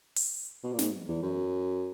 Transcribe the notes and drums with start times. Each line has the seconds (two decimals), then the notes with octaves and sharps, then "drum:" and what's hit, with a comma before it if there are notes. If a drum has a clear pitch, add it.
0.16 drum: open hi-hat
0.63 B2
0.73 A#2
0.79 G#2, drum: snare
1.08 E2
1.22 F#2